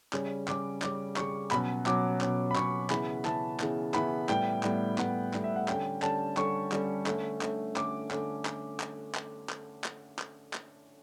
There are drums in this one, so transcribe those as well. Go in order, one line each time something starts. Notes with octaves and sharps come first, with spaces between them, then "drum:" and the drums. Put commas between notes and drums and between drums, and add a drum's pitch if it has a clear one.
C#3 G3 C#4, drum: clap
C#3 G3 C#4 D6, drum: clap
C#3 G3 C#4 D6, drum: clap
C#3 G3 C#4 C#6, drum: clap
B2 F#3 C#4 B5, drum: clap
B2 F#3 C#4 D6, drum: clap
B2 F#3 C#4, drum: clap
B5
B2 F#3 C#4 C#6, drum: clap
C#3 E3 B3 B5, drum: clap
C#3 E3 B3 A5, drum: clap
C#3 E3 B3, drum: clap
C#3 E3 B3 B5, drum: clap
A2 G3 B3 G5, drum: clap
A2 G3 B3, drum: clap
A2 G3 B3 F#5, drum: clap
A2 G3 B3, drum: clap
E5
F#5
D3 G3 C#4 G5, drum: clap
D3 G3 C#4 A5, drum: clap
D3 G3 C#4 C#6, drum: clap
D3 G3 C#4, drum: clap
D3 A3 C#4, drum: clap
D3 A3 C#4, drum: clap
D3 A3 C#4 D6, drum: clap
D3 A3 C#4, drum: clap
drum: clap
drum: clap
drum: clap
drum: clap
drum: clap
drum: clap
drum: clap